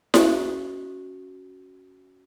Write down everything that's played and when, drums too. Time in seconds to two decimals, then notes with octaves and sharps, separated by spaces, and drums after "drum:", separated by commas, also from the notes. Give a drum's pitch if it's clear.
0.14 C#4 F#4, drum: snare E4